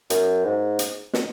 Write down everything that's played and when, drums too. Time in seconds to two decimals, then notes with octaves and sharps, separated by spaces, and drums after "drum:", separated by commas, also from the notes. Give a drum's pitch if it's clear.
0.10 F#2, drum: hi-hat
0.45 G#2
0.79 drum: hi-hat
1.13 drum: snare